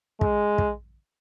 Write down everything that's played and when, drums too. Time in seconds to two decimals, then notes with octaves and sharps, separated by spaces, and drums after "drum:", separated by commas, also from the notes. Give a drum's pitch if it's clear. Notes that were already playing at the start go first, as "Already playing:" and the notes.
0.21 G#3, drum: kick
0.58 drum: kick